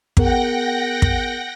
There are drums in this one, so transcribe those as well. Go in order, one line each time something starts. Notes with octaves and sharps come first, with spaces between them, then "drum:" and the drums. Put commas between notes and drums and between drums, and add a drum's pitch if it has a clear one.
B3 G#4 A#4 F#5 G5 A#6, drum: kick
drum: kick